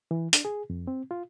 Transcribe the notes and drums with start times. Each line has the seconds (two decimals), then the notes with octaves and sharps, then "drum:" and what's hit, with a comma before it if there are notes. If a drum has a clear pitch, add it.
0.11 E3
0.33 D4, drum: hi-hat
0.45 G#4
0.70 F2
0.87 C4
1.11 F4